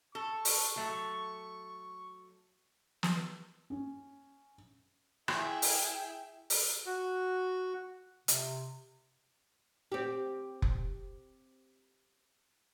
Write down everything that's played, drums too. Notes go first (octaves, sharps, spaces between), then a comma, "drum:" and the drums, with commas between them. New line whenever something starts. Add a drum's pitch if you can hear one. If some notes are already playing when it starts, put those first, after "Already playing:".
A4 C#6
drum: open hi-hat
F#3 A3
drum: snare
C#4
E4 G#4 E5 G5, drum: rim click
drum: open hi-hat
drum: open hi-hat
F#4
C3, drum: hi-hat
C4 G4
drum: kick F1